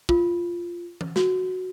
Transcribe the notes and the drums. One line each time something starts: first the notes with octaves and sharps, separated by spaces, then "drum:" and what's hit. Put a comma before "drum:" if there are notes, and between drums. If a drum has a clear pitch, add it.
F4, drum: kick
drum: tom E3
F#4, drum: snare